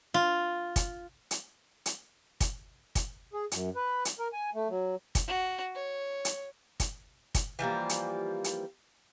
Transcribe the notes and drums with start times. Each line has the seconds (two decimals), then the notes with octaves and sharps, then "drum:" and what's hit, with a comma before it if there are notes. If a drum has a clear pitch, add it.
0.14 F4
0.76 drum: kick, hi-hat
1.31 drum: hi-hat
1.86 drum: hi-hat
2.40 drum: kick, hi-hat
2.95 drum: kick, hi-hat
3.33 G#4
3.52 F#2, drum: hi-hat
3.76 B4
4.05 drum: hi-hat
4.19 A#4
4.33 G#5
4.54 A3
4.69 F#3
5.15 drum: kick, hi-hat
5.28 F#4
5.74 C#5
6.25 drum: hi-hat
6.80 drum: kick, hi-hat
7.35 drum: kick, hi-hat
7.59 E3 F3 G3 A#3
7.89 drum: hi-hat
8.44 drum: hi-hat